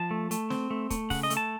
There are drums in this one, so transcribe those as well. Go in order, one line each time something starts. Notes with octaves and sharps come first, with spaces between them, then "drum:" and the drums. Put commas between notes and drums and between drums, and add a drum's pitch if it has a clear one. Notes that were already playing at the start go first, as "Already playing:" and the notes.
Already playing: F3 A5
A3
A3, drum: hi-hat
C4, drum: snare
A3
A3, drum: kick, hi-hat
C#3 F#5, drum: kick, open hi-hat
D#5
A3, drum: hi-hat
A5